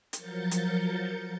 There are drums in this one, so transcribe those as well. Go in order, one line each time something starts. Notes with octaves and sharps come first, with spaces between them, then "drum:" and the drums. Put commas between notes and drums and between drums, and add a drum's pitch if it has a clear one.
F3 F#3 A#4 G6 A6 C#7, drum: hi-hat
drum: hi-hat